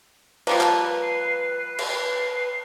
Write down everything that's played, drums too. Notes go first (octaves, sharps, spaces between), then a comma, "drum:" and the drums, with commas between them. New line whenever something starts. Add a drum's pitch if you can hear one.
F3 G3 A#3 B4 A5, drum: cymbal
drum: clap
C7
drum: cymbal